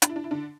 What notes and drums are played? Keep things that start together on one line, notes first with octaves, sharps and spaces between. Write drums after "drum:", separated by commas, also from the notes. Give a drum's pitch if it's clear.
D4, drum: hi-hat
E4
D4
E4
D3 D4